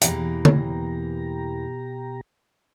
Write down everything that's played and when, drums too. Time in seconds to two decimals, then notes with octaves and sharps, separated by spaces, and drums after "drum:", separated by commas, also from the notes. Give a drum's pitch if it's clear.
0.01 E2 B2 E3 A#3 G4 A#5, drum: hi-hat
0.45 drum: tom D3